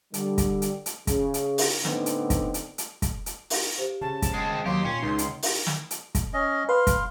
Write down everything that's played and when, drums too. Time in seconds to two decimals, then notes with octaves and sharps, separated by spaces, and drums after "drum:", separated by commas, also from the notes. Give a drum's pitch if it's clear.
0.14 D3 G3, drum: hi-hat
0.38 drum: kick, hi-hat
0.62 drum: hi-hat
0.86 drum: hi-hat
1.07 C#3, drum: kick, hi-hat
1.34 drum: hi-hat
1.58 drum: open hi-hat
1.85 A2 D3 B3 C4 D4 D#4, drum: snare
2.06 drum: hi-hat
2.30 drum: kick, hi-hat
2.54 drum: hi-hat
2.78 drum: hi-hat
3.02 drum: kick, hi-hat
3.26 drum: hi-hat
3.50 drum: open hi-hat
3.78 G4 C5 F5
4.01 C#3 A5
4.22 drum: kick, hi-hat
4.34 G#3 C4 F#5
4.66 D#2 F#3 G4 F5 A#5 C6
4.85 A#2 C#4
5.03 C#2 D#4
5.18 drum: hi-hat
5.43 drum: open hi-hat
5.67 drum: snare
5.91 drum: hi-hat
6.15 drum: kick, hi-hat
6.34 C#4 D#5
6.69 B4 F5 C6
6.87 drum: kick, hi-hat